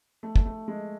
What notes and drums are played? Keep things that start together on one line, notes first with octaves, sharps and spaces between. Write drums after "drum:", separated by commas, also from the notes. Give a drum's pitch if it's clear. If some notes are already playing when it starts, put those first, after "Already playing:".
A3
drum: kick
A3
G#3